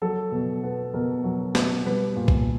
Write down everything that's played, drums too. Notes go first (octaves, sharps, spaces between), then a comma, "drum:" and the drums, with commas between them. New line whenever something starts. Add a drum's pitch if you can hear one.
F#3 A4
B2
B3
B2 A#4
F#3
B2, drum: snare
G3 B4
A#2
drum: kick